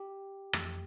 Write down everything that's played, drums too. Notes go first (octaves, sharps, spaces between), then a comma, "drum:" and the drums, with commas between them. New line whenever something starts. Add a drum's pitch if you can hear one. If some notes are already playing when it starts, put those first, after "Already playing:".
Already playing: G4
F2 E3 A3, drum: rim click